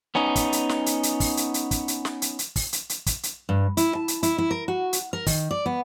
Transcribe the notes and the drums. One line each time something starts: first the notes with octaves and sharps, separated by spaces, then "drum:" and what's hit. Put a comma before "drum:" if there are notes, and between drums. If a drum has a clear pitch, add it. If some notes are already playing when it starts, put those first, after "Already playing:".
B3 C#4 D#4
drum: kick, hi-hat
drum: hi-hat
drum: snare
drum: hi-hat
drum: hi-hat
drum: kick, open hi-hat
drum: hi-hat
drum: hi-hat
drum: kick, hi-hat
drum: hi-hat
drum: snare
drum: hi-hat
drum: hi-hat
drum: kick, open hi-hat
drum: hi-hat
drum: hi-hat
drum: kick, hi-hat
drum: hi-hat
G2
E4, drum: hi-hat
A5
drum: hi-hat
E4, drum: hi-hat
E4
A#4
F#4
drum: hi-hat
A#4
D#3, drum: kick, open hi-hat
D5
B3